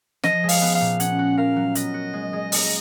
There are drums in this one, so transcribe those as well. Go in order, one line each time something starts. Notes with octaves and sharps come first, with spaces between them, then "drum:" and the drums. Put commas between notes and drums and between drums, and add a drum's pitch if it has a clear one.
F3 D#5, drum: snare
G#3
F5, drum: open hi-hat
B3
F5
A#2
C#4 F#5, drum: hi-hat
F#4
A#4 F5
F#3
B3 D#5, drum: hi-hat
F#4
G#3
G#3
A#3, drum: open hi-hat